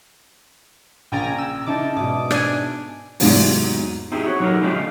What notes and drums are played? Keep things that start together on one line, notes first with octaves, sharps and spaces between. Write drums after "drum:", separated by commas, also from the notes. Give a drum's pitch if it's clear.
A#1 C#3 G5 G#5 A#5 A6
E6
C#3 D#4 E4 D5 A5 D6
G#2 B2 E5 D6 D#6
D4 G#5, drum: rim click
E2 G#2 C3 F#3, drum: open hi-hat
C4 D#4 E4 G4 G#4
F#4 C#5
F#3 D#4 F#4 G4 A4 A#4
C#3 F3 G#3 A3 D4 G4
D3 D#4 F5